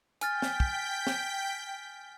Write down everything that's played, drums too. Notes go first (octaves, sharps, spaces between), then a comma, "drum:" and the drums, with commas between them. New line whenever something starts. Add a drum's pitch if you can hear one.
G5 G#5 F6 G6 A6 B6, drum: hi-hat
drum: snare
drum: kick
drum: snare